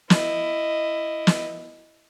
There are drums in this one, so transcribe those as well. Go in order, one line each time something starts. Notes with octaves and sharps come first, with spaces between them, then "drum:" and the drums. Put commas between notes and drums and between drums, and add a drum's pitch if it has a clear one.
E4 D#5, drum: snare
drum: snare